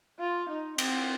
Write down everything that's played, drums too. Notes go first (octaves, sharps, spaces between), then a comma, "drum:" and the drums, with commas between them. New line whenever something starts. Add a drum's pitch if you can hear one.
F4
D#4
C4, drum: cymbal